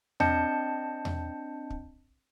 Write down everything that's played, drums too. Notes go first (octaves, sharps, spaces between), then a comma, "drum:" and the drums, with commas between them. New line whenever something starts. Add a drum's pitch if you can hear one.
C4 D4 D#5 A5 G6 C#7, drum: tom E2
drum: tom E2
drum: kick